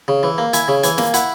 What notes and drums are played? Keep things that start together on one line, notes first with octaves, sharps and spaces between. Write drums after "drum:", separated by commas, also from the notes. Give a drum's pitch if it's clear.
C#3
E3
A#3
E4 G#5, drum: hi-hat
C#3
E3 G#5, drum: hi-hat
A#3, drum: snare
E4 F#5, drum: hi-hat